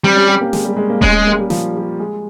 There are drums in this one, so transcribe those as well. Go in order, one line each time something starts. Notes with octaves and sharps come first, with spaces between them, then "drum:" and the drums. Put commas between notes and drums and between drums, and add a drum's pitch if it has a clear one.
G3 C4
C#4
G4
A#3
G#3, drum: snare
G3
G#3
A#3
G#3 C#4, drum: kick D#1
A#3
G3
F3, drum: snare
G3
G#3